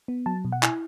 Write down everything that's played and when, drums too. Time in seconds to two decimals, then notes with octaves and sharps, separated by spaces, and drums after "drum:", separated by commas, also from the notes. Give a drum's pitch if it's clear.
0.08 B3
0.26 F#3 A5
0.45 B2
0.52 F#5
0.63 E4 G#5, drum: clap